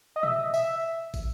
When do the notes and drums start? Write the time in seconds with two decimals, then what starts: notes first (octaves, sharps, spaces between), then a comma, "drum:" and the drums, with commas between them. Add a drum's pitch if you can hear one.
0.16 D#5
0.23 E5, drum: tom
0.54 E5, drum: tambourine
1.14 drum: kick, tambourine